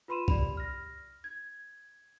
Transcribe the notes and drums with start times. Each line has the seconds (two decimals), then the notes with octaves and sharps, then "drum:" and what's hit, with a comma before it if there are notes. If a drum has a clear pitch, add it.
0.08 F4 B4 B5 C6 D#7 E7
0.28 G4 D5 B5 F7, drum: kick
0.57 F6 A#6
1.24 G#6